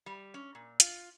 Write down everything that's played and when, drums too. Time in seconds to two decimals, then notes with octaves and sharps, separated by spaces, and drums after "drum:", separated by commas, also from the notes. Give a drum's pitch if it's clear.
0.06 G3
0.34 C#4
0.55 A#2
0.80 F4, drum: hi-hat